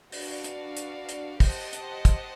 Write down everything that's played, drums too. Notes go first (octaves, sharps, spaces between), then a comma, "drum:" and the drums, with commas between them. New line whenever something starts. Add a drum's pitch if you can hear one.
D4 F#4 B4 D5 F5, drum: open hi-hat
drum: hi-hat
drum: hi-hat
drum: hi-hat
G4 C5 D#5 F#5 A5, drum: kick, open hi-hat
drum: hi-hat
drum: kick, hi-hat